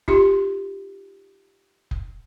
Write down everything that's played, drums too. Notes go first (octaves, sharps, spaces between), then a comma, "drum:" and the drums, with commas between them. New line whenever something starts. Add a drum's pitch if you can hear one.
D#4 F4 G4 C6, drum: kick F1
drum: kick F1